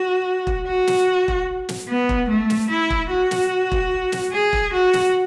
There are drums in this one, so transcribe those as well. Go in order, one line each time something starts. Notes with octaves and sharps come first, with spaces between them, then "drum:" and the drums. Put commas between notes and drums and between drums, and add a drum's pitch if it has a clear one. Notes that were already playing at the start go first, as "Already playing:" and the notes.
Already playing: F#4
drum: kick E1
F#4
drum: snare
drum: kick E1
drum: snare
B3
drum: kick E1
A3
drum: snare
E4
drum: kick E1
F#4
drum: snare
drum: kick E1
drum: snare
G#4
drum: kick E1
F#4
drum: snare